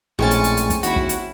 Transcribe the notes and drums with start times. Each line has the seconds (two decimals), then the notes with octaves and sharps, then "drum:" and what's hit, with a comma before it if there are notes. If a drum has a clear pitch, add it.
0.19 A#1 A2 G#3 C4 C#4 G#5 C#6 A6
0.31 drum: hi-hat
0.44 drum: hi-hat
0.57 drum: hi-hat
0.70 drum: kick, hi-hat
0.83 D#2 E4 F#4, drum: hi-hat
0.96 drum: kick
1.09 drum: hi-hat